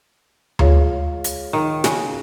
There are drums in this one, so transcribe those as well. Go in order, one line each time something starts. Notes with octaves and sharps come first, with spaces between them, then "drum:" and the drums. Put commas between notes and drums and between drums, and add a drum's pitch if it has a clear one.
G#3 F4 C#5, drum: tom D2
drum: hi-hat
D#3
C#3, drum: snare